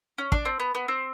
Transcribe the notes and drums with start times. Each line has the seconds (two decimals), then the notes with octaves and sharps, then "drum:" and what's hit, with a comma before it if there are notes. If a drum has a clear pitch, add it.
0.18 C#4
0.32 D4, drum: kick
0.45 C4
0.60 B3
0.75 B3
0.88 C4